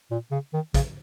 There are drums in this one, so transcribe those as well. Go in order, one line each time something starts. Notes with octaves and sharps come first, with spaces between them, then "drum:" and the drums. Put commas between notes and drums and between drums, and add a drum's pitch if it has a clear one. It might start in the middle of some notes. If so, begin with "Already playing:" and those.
A#2
C#3
D#3
C#3, drum: kick, hi-hat